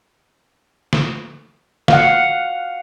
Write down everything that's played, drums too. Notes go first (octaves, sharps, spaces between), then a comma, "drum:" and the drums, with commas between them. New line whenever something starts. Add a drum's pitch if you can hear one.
drum: snare
F5 F#5, drum: snare